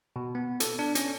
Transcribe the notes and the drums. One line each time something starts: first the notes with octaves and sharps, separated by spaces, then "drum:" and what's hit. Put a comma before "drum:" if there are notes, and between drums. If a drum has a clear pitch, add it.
B2
B3
A4, drum: hi-hat
D4
C#4, drum: hi-hat